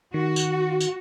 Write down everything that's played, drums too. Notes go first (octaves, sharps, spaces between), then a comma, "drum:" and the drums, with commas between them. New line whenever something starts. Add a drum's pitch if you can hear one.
D#3 F#4
drum: tambourine
drum: tambourine